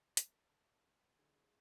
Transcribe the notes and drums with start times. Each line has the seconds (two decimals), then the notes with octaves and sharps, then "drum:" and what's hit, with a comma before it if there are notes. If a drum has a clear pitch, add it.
0.17 A5, drum: hi-hat
1.16 D3 C#4 E4 F#4 G#4 C5